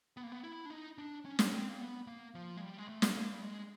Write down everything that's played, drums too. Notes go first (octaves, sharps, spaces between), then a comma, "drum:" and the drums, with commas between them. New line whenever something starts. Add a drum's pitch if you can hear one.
B3
A#3
B3
E4
D4
D#4
D4
C#4
drum: snare
C4
A#3
B3
A#3
F3
G#3
G3
G#3
A3
drum: snare
A#3
G3
G#3